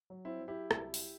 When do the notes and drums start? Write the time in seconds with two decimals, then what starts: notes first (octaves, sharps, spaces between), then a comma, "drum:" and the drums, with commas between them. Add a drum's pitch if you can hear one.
0.10 F#3
0.25 C4 E4
0.40 F#3
0.48 E4 G4
0.71 C2, drum: rim click
0.94 drum: open hi-hat